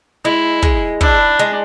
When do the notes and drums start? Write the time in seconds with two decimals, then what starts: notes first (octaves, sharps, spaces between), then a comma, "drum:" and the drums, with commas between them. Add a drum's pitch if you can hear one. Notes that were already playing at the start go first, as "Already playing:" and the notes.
0.24 G#3 E4
0.63 G#3, drum: kick
1.01 D4 E4, drum: kick
1.39 G#3